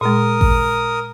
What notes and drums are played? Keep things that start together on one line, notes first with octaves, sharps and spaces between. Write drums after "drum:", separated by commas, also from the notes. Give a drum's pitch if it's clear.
A#2 G#3 A#4 D#6
drum: kick A1